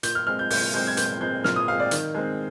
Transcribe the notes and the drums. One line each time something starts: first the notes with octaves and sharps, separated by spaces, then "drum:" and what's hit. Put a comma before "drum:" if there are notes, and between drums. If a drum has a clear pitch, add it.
A#2 G6, drum: hi-hat
F6
G#3 C4 F6
G6
A#2 G6, drum: open hi-hat
G#3 C4 G6
G#6
A#2 G6, drum: hi-hat
G#3 C4 G6
A#2 F6, drum: snare
D#6
G#3 C4 F5
D5
D#3, drum: hi-hat
G#3 C4